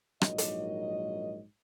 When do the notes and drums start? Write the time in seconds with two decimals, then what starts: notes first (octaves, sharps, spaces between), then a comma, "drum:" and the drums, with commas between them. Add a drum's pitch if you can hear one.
0.21 A#1 G#2 D#3 F#3 D#5, drum: rim click
0.38 drum: hi-hat